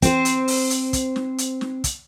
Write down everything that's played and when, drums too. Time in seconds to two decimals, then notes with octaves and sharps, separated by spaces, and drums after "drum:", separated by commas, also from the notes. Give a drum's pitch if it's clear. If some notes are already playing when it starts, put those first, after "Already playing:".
0.02 C4 C5, drum: kick, hi-hat
0.25 drum: hi-hat
0.48 drum: open hi-hat
0.70 drum: hi-hat
0.93 drum: kick, hi-hat
1.16 drum: snare
1.38 drum: hi-hat
1.61 drum: snare
1.84 drum: kick, hi-hat